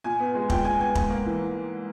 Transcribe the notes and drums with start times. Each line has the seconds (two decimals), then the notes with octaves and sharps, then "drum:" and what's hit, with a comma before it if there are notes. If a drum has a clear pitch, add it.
0.04 A#2 G#5
0.20 B3
0.35 G#3
0.50 A#2 G5, drum: kick
0.65 A#2 G#5
0.80 B3 G#5
0.95 G#2, drum: kick
1.10 A#3
1.26 E3